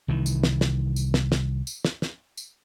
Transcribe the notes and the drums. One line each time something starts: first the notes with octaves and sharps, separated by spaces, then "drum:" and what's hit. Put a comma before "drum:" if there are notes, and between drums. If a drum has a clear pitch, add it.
C2 D#3 E3
drum: tambourine
drum: snare
drum: snare
drum: tambourine
drum: snare
drum: snare
drum: tambourine
drum: snare
drum: snare
drum: tambourine